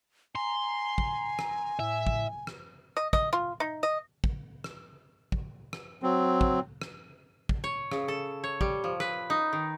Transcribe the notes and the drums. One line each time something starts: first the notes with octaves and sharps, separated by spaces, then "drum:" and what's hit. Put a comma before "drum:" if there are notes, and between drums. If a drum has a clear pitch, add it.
G#5 A#5 C6
drum: kick
drum: rim click
A2 E5
drum: kick
drum: rim click
D#5
D#5, drum: kick
F4
D#4
D#5
drum: kick
drum: rim click
drum: kick
drum: rim click
F#3 C4
drum: kick
drum: rim click
drum: kick
C#5
C#3, drum: rim click
A4
C#5
G3, drum: kick
F3
B4, drum: rim click
D#4
D#3